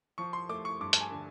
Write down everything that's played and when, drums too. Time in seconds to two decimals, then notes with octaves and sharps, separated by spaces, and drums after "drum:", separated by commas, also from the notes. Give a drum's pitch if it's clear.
0.18 F3 C#6
0.33 C6
0.49 A3 D6
0.65 C#6
0.81 G2 D6
0.93 A5, drum: hi-hat
1.01 G#5
1.11 D3